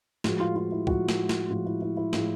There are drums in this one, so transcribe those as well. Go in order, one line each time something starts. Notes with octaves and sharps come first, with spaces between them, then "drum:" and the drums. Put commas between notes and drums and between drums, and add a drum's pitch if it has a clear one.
A2 F3 G#3 F#4, drum: snare
F4
F4
E4
A2 F3 G#3 F#4, drum: kick
drum: snare
drum: snare
A2 F3 G#3 F4
E4
E4
E4
A2 F3 G#3 F4, drum: snare